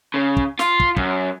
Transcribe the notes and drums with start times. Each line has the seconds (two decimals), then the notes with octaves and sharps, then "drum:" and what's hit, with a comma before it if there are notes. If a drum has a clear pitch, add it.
0.14 C#3
0.37 drum: kick
0.59 F4, drum: snare
0.80 drum: kick
0.96 F#2, drum: kick